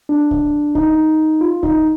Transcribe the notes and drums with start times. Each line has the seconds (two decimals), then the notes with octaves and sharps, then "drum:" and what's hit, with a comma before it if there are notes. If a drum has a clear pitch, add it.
0.09 D4
0.31 drum: kick C2
0.75 D#4, drum: kick C2
1.41 F4
1.63 D#4, drum: kick C2